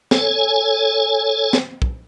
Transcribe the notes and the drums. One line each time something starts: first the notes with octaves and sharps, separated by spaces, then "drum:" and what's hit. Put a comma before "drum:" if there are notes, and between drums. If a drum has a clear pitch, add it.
A4 C#5 G#5, drum: snare
drum: snare
drum: kick